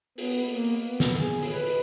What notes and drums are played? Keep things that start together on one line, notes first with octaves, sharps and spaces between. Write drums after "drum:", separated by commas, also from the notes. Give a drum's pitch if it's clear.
B3, drum: open hi-hat
A#3
B3
drum: snare
G#4
drum: open hi-hat
B4